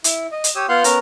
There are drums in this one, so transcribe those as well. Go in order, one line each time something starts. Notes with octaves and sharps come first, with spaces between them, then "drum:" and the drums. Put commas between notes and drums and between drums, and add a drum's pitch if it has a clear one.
E4, drum: hi-hat
D#5
drum: hi-hat
G4 C#5 D#6 E6
B3 F4 F5 F#5 C6 G6
B3 C#4 A#4 A#5, drum: hi-hat